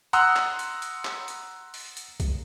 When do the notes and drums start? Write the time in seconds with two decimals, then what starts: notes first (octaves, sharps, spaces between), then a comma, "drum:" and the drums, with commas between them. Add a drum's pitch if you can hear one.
0.13 F#5 A#5 C6 D#6 E6 F#6, drum: hi-hat
0.36 drum: clap
0.59 drum: hi-hat
0.82 drum: hi-hat
1.05 drum: clap
1.28 drum: hi-hat
1.74 drum: open hi-hat
1.97 drum: hi-hat
2.20 drum: kick B1, hi-hat